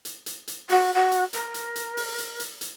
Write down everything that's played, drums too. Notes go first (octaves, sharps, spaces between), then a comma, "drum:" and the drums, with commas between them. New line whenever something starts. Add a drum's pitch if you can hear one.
drum: hi-hat
drum: hi-hat
drum: hi-hat
F#4, drum: open hi-hat
F#4
drum: hi-hat
A#4, drum: hi-hat
drum: hi-hat
drum: hi-hat
drum: open hi-hat
drum: hi-hat
drum: hi-hat
drum: hi-hat